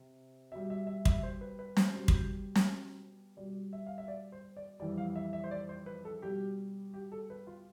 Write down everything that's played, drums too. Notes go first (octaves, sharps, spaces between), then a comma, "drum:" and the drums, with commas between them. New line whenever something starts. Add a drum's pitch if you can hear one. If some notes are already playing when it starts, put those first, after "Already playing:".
Already playing: C3
B2 G3 E5
E5
E5
E5, drum: kick
C5
B4
B4
C5, drum: snare
B2 G3
drum: kick
drum: snare
B2 G3 D5
E5
F5
E5
D5
C5
D5
F2 E3 G3 D5
F5
E5
E5
C5
D5
C5
B4
A4
B2 G3 G4
G4
A4
B4
F4